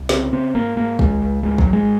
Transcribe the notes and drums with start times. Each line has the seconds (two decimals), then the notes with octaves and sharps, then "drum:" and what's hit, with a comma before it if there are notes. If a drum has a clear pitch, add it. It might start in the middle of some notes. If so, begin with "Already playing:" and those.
Already playing: C2
0.09 C#3 C4, drum: snare
0.32 C#3 C4
0.54 G#1 A#3
0.76 G#1 A#3
0.99 C#2 G#3, drum: kick
1.21 C#2
1.43 G#1 G#3
1.58 F#3, drum: kick
1.66 G#1
1.73 G#3